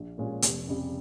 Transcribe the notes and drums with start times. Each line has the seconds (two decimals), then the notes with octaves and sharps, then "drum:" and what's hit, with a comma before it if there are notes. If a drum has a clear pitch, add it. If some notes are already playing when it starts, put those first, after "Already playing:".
Already playing: A#1
0.18 A#2 G#3 C#4 F4
0.42 F1, drum: hi-hat
0.67 F2 C#3 G3